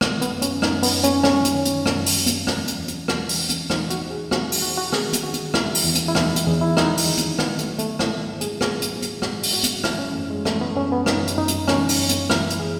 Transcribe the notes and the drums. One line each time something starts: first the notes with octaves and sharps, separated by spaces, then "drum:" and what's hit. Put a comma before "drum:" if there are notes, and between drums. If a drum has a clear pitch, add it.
D#3 A3, drum: rim click
B3, drum: hi-hat
F#2
C#4, drum: hi-hat
F#2 D#4, drum: rim click
B3, drum: open hi-hat
F#2
C#4, drum: hi-hat
F#3 C#4, drum: rim click
drum: hi-hat
D#3
drum: hi-hat
F#2, drum: rim click
drum: open hi-hat
F#3
drum: hi-hat
E2, drum: rim click
drum: hi-hat
E2
drum: hi-hat
E2, drum: rim click
drum: open hi-hat
E3
drum: hi-hat
E2 D#4, drum: rim click
F#4, drum: hi-hat
E3
G#4
E2 F#4, drum: rim click
drum: open hi-hat
E3 F#4
F#4
D#3 G#4, drum: rim click
drum: hi-hat
D#3 F#4
drum: hi-hat
E2 E4, drum: rim click
drum: open hi-hat
E2
drum: hi-hat
E4
E2 D#4, drum: rim click
drum: hi-hat
E2 G#4
E4
F#3 D#4, drum: rim click
drum: open hi-hat
D#3
drum: hi-hat
D#3 B3, drum: rim click
A3, drum: hi-hat
F#3
A3, drum: hi-hat
G#2 E4, drum: rim click
G#2
G#4, drum: hi-hat
G#2 G#4, drum: rim click
drum: hi-hat
F#3
drum: hi-hat
G#2 F#4, drum: rim click
drum: open hi-hat
G#2 F#4
drum: hi-hat
E3 E4, drum: rim click
C#4
F#2 A3
G#3
E3 A3, drum: rim click
B3
F#2 C#4
B3
F#2 D#4, drum: rim click
drum: hi-hat
F#2 D#4
drum: hi-hat
E3 C#4, drum: rim click
drum: open hi-hat
F#2
drum: hi-hat
E3 E4, drum: rim click
drum: hi-hat
E3 G#4